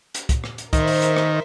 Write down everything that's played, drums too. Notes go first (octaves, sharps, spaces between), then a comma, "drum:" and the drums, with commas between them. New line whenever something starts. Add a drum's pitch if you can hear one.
drum: hi-hat
drum: kick, hi-hat
drum: rim click
drum: hi-hat
D#3 A#4 C5 E5, drum: kick, hi-hat
drum: open hi-hat
drum: hi-hat
drum: rim click